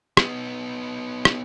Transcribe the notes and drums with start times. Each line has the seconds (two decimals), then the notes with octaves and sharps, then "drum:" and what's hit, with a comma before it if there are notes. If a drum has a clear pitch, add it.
0.17 B3 D#4, drum: rim click
1.25 drum: rim click